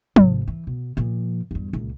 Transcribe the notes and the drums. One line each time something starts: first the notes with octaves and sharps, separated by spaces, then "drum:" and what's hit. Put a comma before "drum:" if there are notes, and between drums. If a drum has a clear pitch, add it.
G#1 C3, drum: tom F3
E3
B2
A#2 F3
E2 G2
C#2 A#2